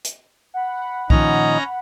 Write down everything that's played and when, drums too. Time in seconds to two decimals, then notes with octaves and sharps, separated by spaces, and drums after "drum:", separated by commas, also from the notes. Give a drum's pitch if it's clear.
0.05 drum: hi-hat
0.54 F#5 B5
1.10 A#2 D#3 F3 C#4 D#4 D#5 A#5, drum: kick B1